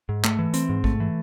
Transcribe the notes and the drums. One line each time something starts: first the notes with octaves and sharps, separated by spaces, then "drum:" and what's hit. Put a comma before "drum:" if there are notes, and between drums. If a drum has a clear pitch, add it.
G#2
A3, drum: clap
E3
C4, drum: hi-hat
G#2
A3, drum: kick A1
E3